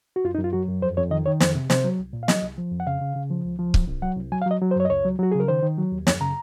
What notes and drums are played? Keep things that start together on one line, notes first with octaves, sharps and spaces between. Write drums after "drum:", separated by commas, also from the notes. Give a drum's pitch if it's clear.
F#4
F#2 F4
D#4
F#2
F4
F#3 F#4
F#2
F2 C5
F2 C#5
D#3 D#5
D#3 C#5
F2 C5, drum: snare
C3
C3 C5, drum: snare
F#3
C2
A#2
F5
F#3 D#5, drum: snare
C2
F3
F2
F#5
C#3 F5
C#3
C#3
F3
C#2
F3
C2, drum: kick C#1
C2
F#3 F#5
C2
F#3 G#5
F5
F#3 D#5
F#3
C5
F#2 C#5
D#5
C#2 C#5
F#3
F#3 F#4
C#3 G#4
A#4
D#3 C5
D#3
F#3
D#2
F#2 C#5, drum: snare
C#3 A#5